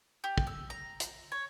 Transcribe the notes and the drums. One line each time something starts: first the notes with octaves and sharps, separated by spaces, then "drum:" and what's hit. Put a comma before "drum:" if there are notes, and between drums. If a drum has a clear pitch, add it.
G4
drum: kick
E6
A#5
drum: hi-hat
C#5